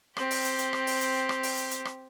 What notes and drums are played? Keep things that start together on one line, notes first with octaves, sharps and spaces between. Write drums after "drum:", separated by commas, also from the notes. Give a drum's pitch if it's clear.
C4 G4, drum: rim click
drum: open hi-hat
drum: hi-hat
drum: hi-hat
drum: rim click
drum: open hi-hat
drum: hi-hat
drum: rim click
drum: open hi-hat
drum: hi-hat
drum: hi-hat
drum: rim click